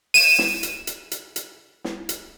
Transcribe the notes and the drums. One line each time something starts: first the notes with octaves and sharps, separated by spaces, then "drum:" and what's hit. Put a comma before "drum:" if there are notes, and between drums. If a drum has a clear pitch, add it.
D#7 E7, drum: open hi-hat
drum: snare
drum: hi-hat
drum: hi-hat
drum: hi-hat
drum: hi-hat
drum: snare
drum: hi-hat